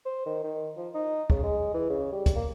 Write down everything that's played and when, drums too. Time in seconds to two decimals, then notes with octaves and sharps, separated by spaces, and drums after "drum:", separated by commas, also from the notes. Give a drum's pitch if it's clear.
0.05 C5
0.26 D#3
0.43 D#3
0.77 F3
0.94 D#4
1.30 C#3, drum: kick
1.43 G#3
1.74 E3
1.90 C#3
2.12 G3
2.26 drum: kick, hi-hat
2.36 A#3